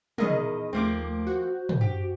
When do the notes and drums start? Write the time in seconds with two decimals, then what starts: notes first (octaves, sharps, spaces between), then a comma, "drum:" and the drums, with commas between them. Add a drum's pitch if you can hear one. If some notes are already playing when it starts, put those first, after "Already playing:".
0.18 E2 D#3 G#4 A#4 D#5, drum: tom
0.73 D#2 F3 A3 A#3 C4 D6
1.27 F#4 C5
1.69 drum: tom
1.81 G4